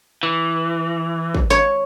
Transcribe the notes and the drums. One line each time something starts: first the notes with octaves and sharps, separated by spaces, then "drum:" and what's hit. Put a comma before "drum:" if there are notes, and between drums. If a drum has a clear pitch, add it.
E3
drum: kick
C#5